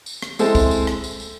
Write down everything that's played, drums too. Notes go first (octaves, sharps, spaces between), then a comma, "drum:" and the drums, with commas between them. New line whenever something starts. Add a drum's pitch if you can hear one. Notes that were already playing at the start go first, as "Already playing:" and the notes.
drum: tambourine
drum: rim click
G#3 C4 E4 A4 C5, drum: tambourine
drum: kick C2, tambourine
drum: tambourine
drum: rim click
drum: tambourine
drum: tambourine